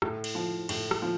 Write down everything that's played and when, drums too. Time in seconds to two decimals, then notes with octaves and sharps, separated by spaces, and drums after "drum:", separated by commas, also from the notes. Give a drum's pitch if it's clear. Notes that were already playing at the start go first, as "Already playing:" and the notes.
0.02 A2, drum: rim click
0.24 drum: cymbal
0.35 F3
0.69 A2, drum: cymbal
0.91 drum: rim click
1.02 F3